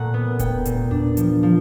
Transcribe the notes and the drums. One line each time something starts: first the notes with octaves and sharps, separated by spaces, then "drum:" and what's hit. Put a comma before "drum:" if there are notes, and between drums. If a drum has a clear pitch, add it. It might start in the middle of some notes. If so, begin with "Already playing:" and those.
Already playing: A#2 A3 F#5
B3
B3 G5, drum: kick E1, hi-hat
A#2, drum: hi-hat
D4, drum: tom D#2
F3, drum: hi-hat
F3